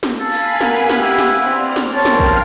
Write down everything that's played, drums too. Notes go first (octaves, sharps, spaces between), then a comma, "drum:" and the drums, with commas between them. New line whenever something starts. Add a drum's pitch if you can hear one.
drum: snare
A4 F5 G#5 B5
drum: cymbal
B3 A#4, drum: snare
drum: snare
E4 G4
drum: snare
C4 C5 D5 F6
drum: snare
C4 A#4 C#5 F5 G5 A5
drum: snare
drum: kick A#1